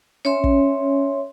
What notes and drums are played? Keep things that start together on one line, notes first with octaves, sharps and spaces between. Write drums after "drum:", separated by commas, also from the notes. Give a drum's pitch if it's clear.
C#4 C#5 E5 C6
drum: kick